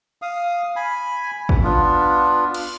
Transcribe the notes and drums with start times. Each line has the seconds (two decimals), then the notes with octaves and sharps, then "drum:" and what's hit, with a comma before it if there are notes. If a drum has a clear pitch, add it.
0.22 F5 D#6
0.76 G#5 B5
1.49 drum: kick
1.63 B3 D4 F4
2.54 drum: cymbal